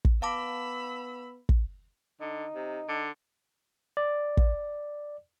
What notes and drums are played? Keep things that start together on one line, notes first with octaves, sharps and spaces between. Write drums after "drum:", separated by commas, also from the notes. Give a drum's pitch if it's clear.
drum: kick
B3 F5 A5 B5 D6 E6
drum: kick
D3 D#4
C3
D3
D5
drum: kick